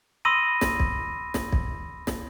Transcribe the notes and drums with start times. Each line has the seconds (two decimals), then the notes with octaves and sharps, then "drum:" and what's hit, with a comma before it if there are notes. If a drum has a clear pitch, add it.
0.25 B5 C6 D#6 E6 A#6 D#7
0.61 drum: snare
0.80 drum: kick B1
1.34 drum: snare
1.52 drum: kick B1
2.07 drum: snare